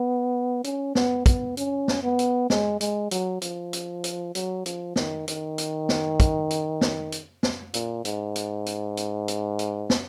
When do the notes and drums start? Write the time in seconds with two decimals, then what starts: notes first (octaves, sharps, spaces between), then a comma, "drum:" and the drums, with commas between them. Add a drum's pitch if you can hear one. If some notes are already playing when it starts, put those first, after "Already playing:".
Already playing: B3
0.64 C#4, drum: hi-hat
0.95 B3, drum: snare
1.26 B3, drum: kick, hi-hat
1.57 C#4, drum: hi-hat
1.88 drum: snare
2.03 B3
2.19 drum: hi-hat
2.50 G#3, drum: snare
2.81 G#3, drum: hi-hat
3.11 F#3, drum: hi-hat
3.42 F3, drum: hi-hat
3.73 drum: hi-hat
4.04 drum: hi-hat
4.35 F#3, drum: hi-hat
4.66 F3, drum: hi-hat
4.96 D#3, drum: snare
5.28 D#3, drum: hi-hat
5.58 drum: hi-hat
5.89 drum: snare
6.20 drum: kick, hi-hat
6.51 drum: hi-hat
6.81 drum: snare
7.12 drum: hi-hat
7.43 drum: snare
7.74 A#2, drum: hi-hat
8.05 G#2, drum: hi-hat
8.36 drum: hi-hat
8.66 drum: hi-hat
8.97 drum: hi-hat
9.28 drum: hi-hat
9.59 drum: hi-hat
9.90 drum: snare